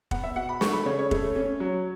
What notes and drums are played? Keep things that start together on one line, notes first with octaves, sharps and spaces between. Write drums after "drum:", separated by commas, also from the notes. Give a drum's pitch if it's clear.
B3 F#5, drum: kick F1
E5
B2 F#5
B5
A3 C#6, drum: snare
B5
C#3 C#5
C#5
A3, drum: kick F1
C#4
F#3